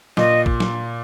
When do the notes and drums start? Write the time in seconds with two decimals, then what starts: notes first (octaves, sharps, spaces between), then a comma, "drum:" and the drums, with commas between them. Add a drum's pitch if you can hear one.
0.17 A#2 D#5, drum: snare
0.46 drum: kick
0.60 drum: snare